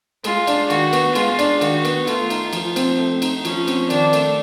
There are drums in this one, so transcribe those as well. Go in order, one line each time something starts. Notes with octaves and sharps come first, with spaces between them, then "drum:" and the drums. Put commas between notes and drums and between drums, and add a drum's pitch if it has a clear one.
G#3 F4, drum: cymbal
D4, drum: cymbal
D#3 F#4, drum: cymbal
B3, drum: cymbal
G#3 F4, drum: cymbal
D4, drum: cymbal
D#3 F#4, drum: cymbal
B3, drum: cymbal
A3 F4, drum: cymbal
D#4, drum: cymbal
F3, drum: cymbal
C4, drum: cymbal
A3
D#4, drum: cymbal
F3 C#4, drum: cymbal
C4, drum: cymbal
D#3 D4, drum: cymbal
A3, drum: cymbal